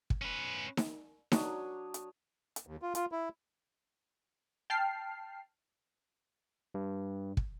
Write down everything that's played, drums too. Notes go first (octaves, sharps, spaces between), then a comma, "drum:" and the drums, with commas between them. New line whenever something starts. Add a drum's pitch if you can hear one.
drum: kick
C#4 B4
drum: snare D#4
F#3 D4 C#5 D#6, drum: snare D#4
drum: hi-hat
drum: hi-hat
D#2
F4
F4, drum: hi-hat
E4
G5 A5 F6 C7
G2
drum: kick